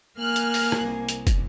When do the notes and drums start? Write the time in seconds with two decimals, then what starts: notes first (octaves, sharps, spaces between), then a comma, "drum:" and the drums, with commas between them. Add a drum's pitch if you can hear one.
0.18 A#3 G#5 F6 F#6
0.36 drum: hi-hat
0.54 drum: open hi-hat
0.72 drum: rim click
0.85 C2
1.09 drum: hi-hat
1.27 drum: kick, hi-hat